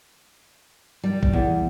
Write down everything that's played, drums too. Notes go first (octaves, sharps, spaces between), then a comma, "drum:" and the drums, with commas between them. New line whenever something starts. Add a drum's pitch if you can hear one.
G3
drum: kick
E2